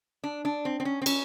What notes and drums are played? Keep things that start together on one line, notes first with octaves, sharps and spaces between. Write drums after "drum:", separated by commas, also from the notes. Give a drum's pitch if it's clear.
D4
D4
C4
C4
C#4
C4
C#4, drum: cymbal